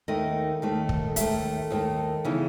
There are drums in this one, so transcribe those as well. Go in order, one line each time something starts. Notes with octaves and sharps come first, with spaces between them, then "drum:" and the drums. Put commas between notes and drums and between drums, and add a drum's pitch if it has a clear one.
D#2 D#3 A3 D#5
D#2 D#3 A3
drum: kick
D#2 D#3 A3 E5, drum: hi-hat
D#2 D#3 A3
C#3 E3 B3 D#4